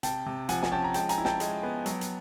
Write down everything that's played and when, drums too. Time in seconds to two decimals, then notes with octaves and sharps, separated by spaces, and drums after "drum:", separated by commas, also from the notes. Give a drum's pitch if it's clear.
0.03 C3 G5 A5, drum: hi-hat
0.26 C3
0.49 F3 F#5 G#5, drum: hi-hat
0.63 G#5, drum: snare
0.72 C#4 G5 A5
0.84 A#5
0.94 G#3 G5 A5, drum: hi-hat
1.09 G#5 A#5, drum: hi-hat
1.18 E4
1.25 G5 A5, drum: snare
1.40 G#3, drum: hi-hat
1.63 B3
1.86 F#3, drum: hi-hat
2.01 drum: hi-hat